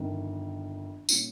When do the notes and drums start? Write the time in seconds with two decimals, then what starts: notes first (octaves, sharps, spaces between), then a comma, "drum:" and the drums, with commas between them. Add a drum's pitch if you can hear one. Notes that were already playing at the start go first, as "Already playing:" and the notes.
Already playing: G1 F2 D#3
1.09 A#2 G3 C#4 F4, drum: tambourine